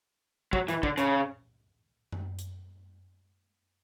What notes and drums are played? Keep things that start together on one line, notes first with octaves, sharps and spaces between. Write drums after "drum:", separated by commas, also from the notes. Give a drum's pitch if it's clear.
F#3, drum: kick
E3, drum: hi-hat
D3, drum: kick
C#3, drum: hi-hat
drum: tom F#2
drum: hi-hat